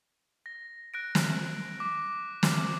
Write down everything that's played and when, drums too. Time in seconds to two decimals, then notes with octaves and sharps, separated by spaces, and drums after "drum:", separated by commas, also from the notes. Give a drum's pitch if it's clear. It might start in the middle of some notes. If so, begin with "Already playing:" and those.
0.46 A#6
0.94 F#6 A#6 D7
1.15 drum: snare
1.80 D6
2.43 drum: snare